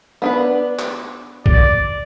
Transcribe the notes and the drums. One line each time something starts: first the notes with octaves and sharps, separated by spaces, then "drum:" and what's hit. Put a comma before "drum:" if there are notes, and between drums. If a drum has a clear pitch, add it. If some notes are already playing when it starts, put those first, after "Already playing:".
B3 D4 B4
drum: clap
D5, drum: kick